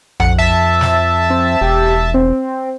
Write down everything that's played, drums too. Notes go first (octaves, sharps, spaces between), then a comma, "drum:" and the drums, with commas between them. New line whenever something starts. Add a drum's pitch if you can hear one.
F2 F#5, drum: tom A#1
E5 A5
drum: snare
C4
E1 G4
C4